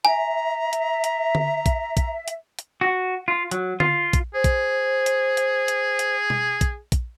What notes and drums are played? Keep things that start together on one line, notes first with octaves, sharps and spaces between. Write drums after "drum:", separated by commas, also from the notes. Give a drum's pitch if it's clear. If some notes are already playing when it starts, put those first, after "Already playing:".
E5 G#5 A#5
drum: hi-hat
drum: hi-hat
drum: tom D3
drum: kick, hi-hat
drum: kick, hi-hat
drum: hi-hat
drum: hi-hat
F#4
F4
F#3, drum: hi-hat
F4, drum: tom D3
drum: kick, hi-hat
G#4 C5
drum: kick, hi-hat
drum: hi-hat
drum: hi-hat
drum: hi-hat
drum: hi-hat
drum: tom B2
drum: kick, hi-hat
drum: kick, hi-hat